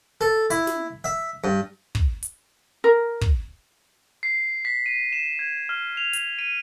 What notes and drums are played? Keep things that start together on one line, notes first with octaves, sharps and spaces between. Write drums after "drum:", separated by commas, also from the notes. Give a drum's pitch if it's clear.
A4
E4, drum: hi-hat
drum: snare
E5
G2
drum: kick
drum: hi-hat
A#4
drum: kick
C7
B6
D#7
E7
G#6
F6
F7
drum: hi-hat
D#7